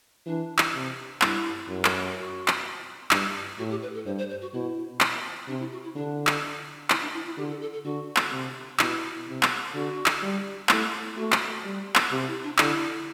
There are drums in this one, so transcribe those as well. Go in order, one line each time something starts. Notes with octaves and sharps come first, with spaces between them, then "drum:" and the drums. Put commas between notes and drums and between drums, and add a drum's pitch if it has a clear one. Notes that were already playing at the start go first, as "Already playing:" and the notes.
E3 D4
drum: clap
C3
G2 E4, drum: clap
F#2
drum: clap
F#4
drum: clap
G2, drum: clap
A2 F#4
G4
B4
A4
G2 C5
C5
C5
F#4
B2 E4
drum: clap
C3 D4
E4
F#4
E4
D3 D4
drum: clap
E4, drum: clap
D4
E4
E4
D3 G4
A4
A4
A4
D3 F#4
drum: clap
C3
B2 E4, drum: clap
C3
drum: clap
D3 F#4
drum: clap
G3
A3 E4, drum: clap
A3 F#4
drum: clap
G3
drum: clap
C3 G4
E4
D4
D3 E4, drum: clap